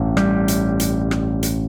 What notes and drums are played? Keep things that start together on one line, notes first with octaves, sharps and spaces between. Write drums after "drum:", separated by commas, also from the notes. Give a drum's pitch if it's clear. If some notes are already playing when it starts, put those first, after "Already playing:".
Already playing: A1 G2
G3, drum: rim click
drum: hi-hat
drum: hi-hat
drum: rim click
drum: hi-hat